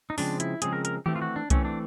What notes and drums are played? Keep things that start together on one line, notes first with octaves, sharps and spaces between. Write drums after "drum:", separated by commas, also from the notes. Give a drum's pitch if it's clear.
D#4
C#3 F3 G#3 C4 D4, drum: open hi-hat
E4, drum: hi-hat
C#3 F3 G#3 C4 G#4, drum: hi-hat
A#4
A#4, drum: hi-hat
E3 A3 C4 G4, drum: tom D#3
F4
F#4
D4
E3 A3 C4 C#4, drum: kick C2, hi-hat
D4